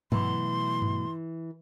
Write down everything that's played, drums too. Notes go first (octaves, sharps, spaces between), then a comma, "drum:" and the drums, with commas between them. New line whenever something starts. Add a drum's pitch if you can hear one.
B2 E3 F#3 A3 C6, drum: tom G2
drum: tom G2